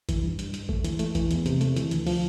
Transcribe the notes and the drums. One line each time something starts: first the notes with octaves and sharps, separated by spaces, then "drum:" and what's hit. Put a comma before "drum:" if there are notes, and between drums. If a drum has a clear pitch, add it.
E3, drum: kick G#1, hi-hat
G2
G2, drum: hi-hat
G2, drum: hi-hat
A3, drum: kick G#1
E3, drum: hi-hat
A3, drum: hi-hat
E3, drum: kick G#1, hi-hat
E2, drum: hi-hat
C3, drum: hi-hat
A3, drum: hi-hat
E3, drum: hi-hat
D2, drum: hi-hat
F3, drum: open hi-hat